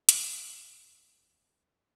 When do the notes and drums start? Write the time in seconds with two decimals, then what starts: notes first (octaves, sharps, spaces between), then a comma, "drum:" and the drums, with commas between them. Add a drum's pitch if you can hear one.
0.09 F1 D#2 E3 A3, drum: hi-hat